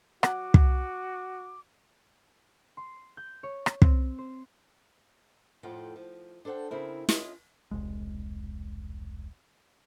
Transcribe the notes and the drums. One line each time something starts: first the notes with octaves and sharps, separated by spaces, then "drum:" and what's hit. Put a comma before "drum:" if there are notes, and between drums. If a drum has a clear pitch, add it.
F#3 F#4 F#5 D6, drum: rim click
drum: kick
C6
G6
C#5
drum: rim click
C4, drum: kick
C5
F2 A2 F4 A4 F#5 G5
F3
D4 A4 C5 F#5 G5
C#3 C4 E4 A#4
C#4 F4 D#5, drum: snare
E1 C2 G#3